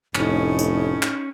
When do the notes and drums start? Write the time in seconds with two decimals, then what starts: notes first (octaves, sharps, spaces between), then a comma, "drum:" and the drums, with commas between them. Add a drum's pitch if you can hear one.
0.15 F1 A2 C#4 D#4, drum: clap
0.59 drum: tambourine
1.03 drum: clap